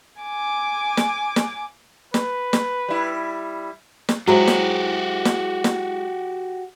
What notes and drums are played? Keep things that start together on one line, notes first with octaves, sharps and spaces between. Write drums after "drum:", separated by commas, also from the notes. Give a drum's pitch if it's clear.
G#5 D6
drum: snare
drum: snare
B4, drum: snare
drum: snare
G3 E4
drum: snare
F#3 G#3 E4 F#4 G4 C5
drum: snare
drum: snare
drum: snare